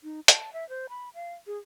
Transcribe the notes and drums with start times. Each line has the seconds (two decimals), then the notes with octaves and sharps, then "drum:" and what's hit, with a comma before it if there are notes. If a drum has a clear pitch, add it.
0.04 D#4
0.28 A5, drum: hi-hat
0.53 E5
0.69 C5
0.89 B5
1.15 F5
1.47 G#4